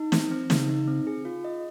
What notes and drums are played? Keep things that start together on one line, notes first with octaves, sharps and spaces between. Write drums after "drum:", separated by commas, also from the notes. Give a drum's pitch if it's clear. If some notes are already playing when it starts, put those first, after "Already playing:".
Already playing: D#4
C4, drum: snare
C4
C#3 D#4, drum: snare
D#4
C4
G#4
F4
D#5